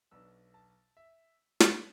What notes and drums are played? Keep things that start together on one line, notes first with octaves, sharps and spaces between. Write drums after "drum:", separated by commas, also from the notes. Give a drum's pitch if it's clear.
B1 B2 B3 D4 E6
A5
E5
drum: snare